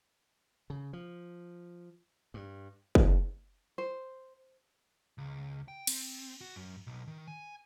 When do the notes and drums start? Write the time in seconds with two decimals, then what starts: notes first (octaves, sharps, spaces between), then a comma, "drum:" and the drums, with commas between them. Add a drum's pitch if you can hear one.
0.70 C#3
0.93 F3
2.34 G2
2.95 drum: kick
3.78 C5
5.18 C#2
5.68 G5
5.87 C4, drum: cymbal
6.41 F#4
6.56 F#2
6.87 B1
7.07 D#3
7.28 G#5